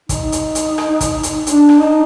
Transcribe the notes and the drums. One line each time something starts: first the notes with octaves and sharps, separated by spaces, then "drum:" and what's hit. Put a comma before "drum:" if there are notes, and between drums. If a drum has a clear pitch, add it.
D#4, drum: kick, hi-hat
drum: hi-hat
drum: hi-hat
drum: rim click
drum: kick, hi-hat
drum: hi-hat
D4, drum: hi-hat
drum: rim click
D#4